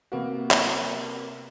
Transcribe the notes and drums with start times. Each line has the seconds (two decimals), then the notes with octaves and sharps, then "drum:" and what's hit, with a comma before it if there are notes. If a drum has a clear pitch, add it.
0.12 C3 A#3 B3 F#4
0.51 drum: clap